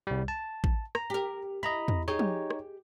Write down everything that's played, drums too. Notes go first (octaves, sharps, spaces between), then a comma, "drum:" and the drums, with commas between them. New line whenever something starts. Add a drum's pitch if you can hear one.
C2 G3
A5
drum: kick A1
A#5, drum: rim click
G4 A#4
E4 D#5 A#5 B5
drum: tom E2
D#4 G4 G#4 C#5 D#5
drum: tom
drum: rim click